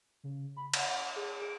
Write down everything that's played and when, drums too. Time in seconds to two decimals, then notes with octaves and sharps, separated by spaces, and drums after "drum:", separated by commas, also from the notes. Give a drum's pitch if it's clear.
0.24 C#3
0.57 B5
0.74 F#5, drum: cymbal
1.16 G#4
1.42 D7